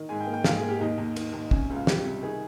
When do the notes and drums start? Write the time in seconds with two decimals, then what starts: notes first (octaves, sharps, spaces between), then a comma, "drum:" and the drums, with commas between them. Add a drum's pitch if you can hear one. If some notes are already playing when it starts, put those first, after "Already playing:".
Already playing: D#3
0.09 G#2 G#5
0.20 G5
0.27 A#3
0.33 G5
0.44 G#2 F5, drum: snare
0.57 G#4
0.62 A#3
0.69 G4
0.81 D#2 D#4
0.98 D#2
1.16 D#3, drum: cymbal
1.33 D#2
1.51 C3 C#4, drum: kick
1.70 C#2
1.75 F4
1.87 G3 G4, drum: snare
2.05 C3
2.23 D#3 G#4